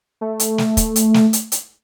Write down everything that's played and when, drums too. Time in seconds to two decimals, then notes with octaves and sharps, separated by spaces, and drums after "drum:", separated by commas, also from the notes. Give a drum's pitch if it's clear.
0.21 A3
0.40 drum: hi-hat
0.58 drum: snare
0.77 drum: kick, hi-hat
0.96 drum: hi-hat
1.14 drum: snare
1.33 drum: hi-hat
1.52 drum: hi-hat